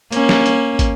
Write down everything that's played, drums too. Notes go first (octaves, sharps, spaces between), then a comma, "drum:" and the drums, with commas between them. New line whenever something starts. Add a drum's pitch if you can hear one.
A#3 C#4, drum: hi-hat
drum: snare
drum: hi-hat
drum: kick, hi-hat